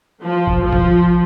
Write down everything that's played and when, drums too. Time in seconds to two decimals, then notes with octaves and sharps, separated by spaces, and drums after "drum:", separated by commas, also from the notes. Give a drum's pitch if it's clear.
0.22 F3
0.47 drum: kick A1
0.63 F3
0.73 drum: kick A1